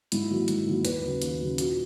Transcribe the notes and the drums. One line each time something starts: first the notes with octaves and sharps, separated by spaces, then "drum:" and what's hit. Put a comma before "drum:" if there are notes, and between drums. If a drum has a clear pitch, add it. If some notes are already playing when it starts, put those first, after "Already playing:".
G#2 E4, drum: hi-hat
D#3 F#3 A#3
G#2, drum: hi-hat
D#3 F#3 A#3
D#2 B4, drum: hi-hat
C#3 F#3
D#2, drum: hi-hat
C#3 F#3
A#2 F#4, drum: hi-hat